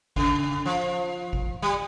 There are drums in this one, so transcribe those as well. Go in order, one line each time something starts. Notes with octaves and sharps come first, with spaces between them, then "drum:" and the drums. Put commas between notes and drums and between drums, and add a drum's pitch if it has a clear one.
C#3, drum: kick G#1
F3
drum: kick G#1
G3